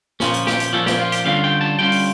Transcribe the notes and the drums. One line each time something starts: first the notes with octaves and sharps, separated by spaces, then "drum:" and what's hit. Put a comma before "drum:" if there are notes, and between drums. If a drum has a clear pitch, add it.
A#2 F3 C#4 F4, drum: snare
drum: hi-hat
G4, drum: snare
drum: hi-hat
A#2 F3 C#4 A4
G4, drum: snare
F4
G4, drum: hi-hat
D3 G3 C#4 F4 F5
G5
A5
D3 G3 C#4 F4 G5
drum: open hi-hat